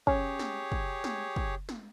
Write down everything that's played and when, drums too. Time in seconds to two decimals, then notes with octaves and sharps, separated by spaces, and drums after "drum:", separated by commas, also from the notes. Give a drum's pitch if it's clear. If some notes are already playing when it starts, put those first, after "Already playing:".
0.07 C#4 G4 G#4 C#5, drum: kick
0.39 drum: snare G#3
0.72 drum: kick
1.04 drum: snare G#3
1.36 drum: kick
1.69 drum: snare G#3